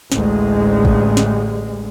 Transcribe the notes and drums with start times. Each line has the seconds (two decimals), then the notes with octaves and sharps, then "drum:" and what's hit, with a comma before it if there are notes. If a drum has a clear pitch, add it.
0.12 A1 D2 G#3, drum: snare
0.85 drum: kick
1.17 drum: snare